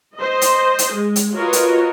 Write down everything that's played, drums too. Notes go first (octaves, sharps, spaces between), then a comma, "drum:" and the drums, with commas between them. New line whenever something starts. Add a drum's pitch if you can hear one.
C5 D#5
drum: hi-hat
drum: hi-hat
G#3
drum: hi-hat
F4 F#4 A#4 B4 C#5 D#5
drum: hi-hat